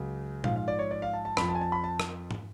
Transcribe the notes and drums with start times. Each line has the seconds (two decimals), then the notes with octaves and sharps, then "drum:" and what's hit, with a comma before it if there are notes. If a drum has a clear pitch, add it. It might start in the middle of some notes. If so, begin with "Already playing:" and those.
Already playing: C#2 C#3 F#3
0.44 G#2 F3 F5, drum: tom A#2
0.56 F5
0.68 D5
0.79 C#5
0.91 D5
1.02 F5
1.13 A5
1.25 A5
1.37 F2 F3 B5, drum: rim click
1.49 A5
1.55 G#5
1.61 A5
1.72 B5
1.84 A5
2.00 drum: rim click
2.31 drum: tom